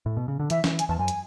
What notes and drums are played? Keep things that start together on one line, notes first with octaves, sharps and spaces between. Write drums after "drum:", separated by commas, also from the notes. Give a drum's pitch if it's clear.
A2
B2
C#3
D3
E3 E5, drum: hi-hat
E3, drum: snare
G#5, drum: hi-hat
E2 A5
F#2 G#5
drum: hi-hat